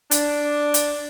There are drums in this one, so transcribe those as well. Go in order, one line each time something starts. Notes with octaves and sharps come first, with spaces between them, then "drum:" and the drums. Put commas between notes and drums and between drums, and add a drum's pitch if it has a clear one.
D4, drum: hi-hat
drum: hi-hat